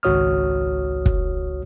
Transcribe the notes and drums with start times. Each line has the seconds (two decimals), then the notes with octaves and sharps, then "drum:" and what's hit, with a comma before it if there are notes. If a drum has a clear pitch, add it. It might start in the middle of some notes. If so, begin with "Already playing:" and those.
0.03 G#1 C#2 F#4 C#5 D#6 F6
1.06 drum: kick